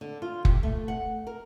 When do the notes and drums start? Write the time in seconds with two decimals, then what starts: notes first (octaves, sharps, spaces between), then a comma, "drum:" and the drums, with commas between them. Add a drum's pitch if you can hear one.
0.01 D3
0.22 F4
0.45 G4, drum: kick
0.63 A3
0.88 F#5
1.27 A#4